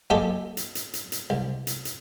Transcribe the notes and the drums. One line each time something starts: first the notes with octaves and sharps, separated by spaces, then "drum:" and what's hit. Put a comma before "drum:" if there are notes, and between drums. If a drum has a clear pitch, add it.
F#2 A#3 G4 A4 D#5 G#5
drum: hi-hat
drum: hi-hat
drum: hi-hat
drum: hi-hat
C2
drum: hi-hat
drum: hi-hat